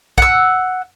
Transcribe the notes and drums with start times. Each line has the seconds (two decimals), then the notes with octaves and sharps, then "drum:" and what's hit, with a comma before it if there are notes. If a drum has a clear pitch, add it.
0.18 F#5 E6, drum: kick